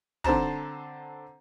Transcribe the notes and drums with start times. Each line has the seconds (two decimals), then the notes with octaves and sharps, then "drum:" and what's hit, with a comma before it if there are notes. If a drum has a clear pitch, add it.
0.24 D3 C4 C5 A5 A#5, drum: kick